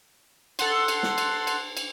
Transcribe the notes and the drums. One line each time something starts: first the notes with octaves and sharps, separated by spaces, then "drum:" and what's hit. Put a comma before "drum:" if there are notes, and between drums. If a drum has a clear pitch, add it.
A4 F#5 C6, drum: cymbal
drum: cymbal
drum: snare
drum: cymbal
drum: cymbal
drum: cymbal